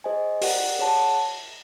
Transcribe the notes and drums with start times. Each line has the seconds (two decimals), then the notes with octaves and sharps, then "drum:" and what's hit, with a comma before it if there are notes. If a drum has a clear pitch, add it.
0.04 G#4 C5 D#5 G#5
0.41 G4 A#4 D5 F#5, drum: open hi-hat
0.79 G#4 C#5 F#5 A5